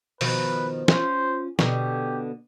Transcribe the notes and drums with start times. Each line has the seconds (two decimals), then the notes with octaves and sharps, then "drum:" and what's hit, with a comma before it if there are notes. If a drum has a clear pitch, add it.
0.21 B2 D#3 F3 B4, drum: open hi-hat
0.88 C#4 F4 C5, drum: snare
1.59 B2 D3 G4, drum: snare